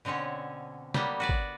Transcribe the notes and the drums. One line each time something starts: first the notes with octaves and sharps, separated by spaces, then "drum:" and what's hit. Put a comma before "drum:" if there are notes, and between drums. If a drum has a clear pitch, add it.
B2 D3 C4 C#4 C#5
G3 A#3 B3, drum: snare
F#4 B4 D5
drum: kick